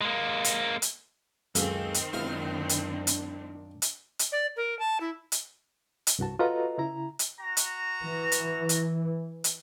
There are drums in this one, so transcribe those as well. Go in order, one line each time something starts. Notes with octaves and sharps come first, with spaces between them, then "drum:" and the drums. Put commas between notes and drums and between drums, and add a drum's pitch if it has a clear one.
G#3 A#3
drum: hi-hat
drum: hi-hat
C#2 F#2 D#3 A#3 C4 A4, drum: hi-hat
drum: hi-hat
F#2 G#3 B3 D4 E4 F4 A#4 F5
drum: hi-hat
drum: hi-hat
drum: hi-hat
drum: hi-hat
D5
A#4
A5
E4
drum: hi-hat
drum: hi-hat
C2 G2 F#4 A5
F4 F#4 A4 B4 D#5 A#5
C#3 E4 A#5
drum: hi-hat
F#4 A#5
drum: hi-hat
E3
drum: hi-hat
drum: hi-hat
drum: hi-hat